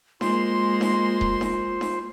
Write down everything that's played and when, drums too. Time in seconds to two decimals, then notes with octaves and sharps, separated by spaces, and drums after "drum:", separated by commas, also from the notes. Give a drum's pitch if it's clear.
0.21 G#3 A#3 F4 C5 C6, drum: snare D#4
0.81 drum: snare D#4
1.21 drum: kick D#1
1.41 drum: snare D#4
1.81 drum: snare D#4